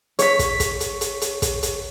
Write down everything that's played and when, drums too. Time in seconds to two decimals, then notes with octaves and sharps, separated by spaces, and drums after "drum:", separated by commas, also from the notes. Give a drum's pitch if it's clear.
0.19 C#5 B6, drum: hi-hat
0.39 drum: kick, hi-hat
0.60 drum: kick, hi-hat
0.80 drum: hi-hat
1.01 drum: hi-hat
1.21 drum: hi-hat
1.42 drum: kick, hi-hat
1.63 drum: hi-hat